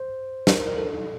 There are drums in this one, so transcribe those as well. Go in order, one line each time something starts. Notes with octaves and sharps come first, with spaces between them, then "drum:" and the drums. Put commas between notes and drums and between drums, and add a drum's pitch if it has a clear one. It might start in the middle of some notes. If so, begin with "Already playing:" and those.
Already playing: C5
A#4, drum: snare
A#4
A4